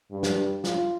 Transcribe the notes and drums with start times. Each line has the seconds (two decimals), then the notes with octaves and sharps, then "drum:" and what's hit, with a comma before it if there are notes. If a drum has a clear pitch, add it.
0.11 G2
0.23 drum: snare
0.64 F4, drum: snare